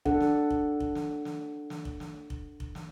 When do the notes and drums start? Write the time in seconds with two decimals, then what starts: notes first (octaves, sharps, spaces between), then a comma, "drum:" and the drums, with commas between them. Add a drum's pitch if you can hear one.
0.05 D4 A4 F#5, drum: kick F1
0.20 drum: snare
0.50 drum: kick F1
0.80 drum: kick F1
0.95 drum: snare
1.25 drum: snare
1.70 drum: snare
1.85 drum: kick F1
2.00 drum: snare
2.30 drum: kick F1
2.60 drum: kick F1
2.75 drum: snare